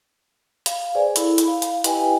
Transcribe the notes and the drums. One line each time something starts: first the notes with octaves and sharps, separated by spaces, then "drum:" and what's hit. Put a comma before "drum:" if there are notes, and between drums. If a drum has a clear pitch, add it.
F5, drum: hi-hat
G#4 B4 C5 D5 G#5
E4 A4 B5, drum: hi-hat
drum: hi-hat
F5
drum: hi-hat
E4 G4 B4 D#5 G5 G#5, drum: hi-hat